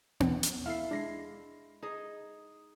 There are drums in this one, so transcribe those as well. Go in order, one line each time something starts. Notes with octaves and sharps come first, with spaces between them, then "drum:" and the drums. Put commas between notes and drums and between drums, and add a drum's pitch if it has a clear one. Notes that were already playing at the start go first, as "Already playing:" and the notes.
D#2 B2, drum: tom B3
drum: hi-hat
E4 A4 F5 C7
G#3 D4 A#6 C7
D#4 G#4 D#5